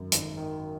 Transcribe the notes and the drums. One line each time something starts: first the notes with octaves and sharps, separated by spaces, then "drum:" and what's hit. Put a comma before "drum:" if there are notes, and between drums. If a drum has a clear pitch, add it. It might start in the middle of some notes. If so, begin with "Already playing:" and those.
Already playing: G#1 F#2
G#1, drum: hi-hat
D#3